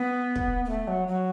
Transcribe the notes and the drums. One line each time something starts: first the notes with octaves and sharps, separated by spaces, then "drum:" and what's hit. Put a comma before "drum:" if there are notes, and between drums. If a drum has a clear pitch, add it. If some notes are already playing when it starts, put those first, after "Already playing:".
Already playing: B3
drum: kick
B3
A3
F#3
F#3